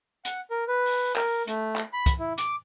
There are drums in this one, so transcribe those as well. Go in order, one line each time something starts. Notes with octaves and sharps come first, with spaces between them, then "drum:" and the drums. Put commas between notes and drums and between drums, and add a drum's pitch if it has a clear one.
F#5, drum: hi-hat
A#4
B4
drum: open hi-hat
A#4, drum: clap
A3, drum: hi-hat
drum: clap
B5
drum: kick, hi-hat
E4
D6, drum: hi-hat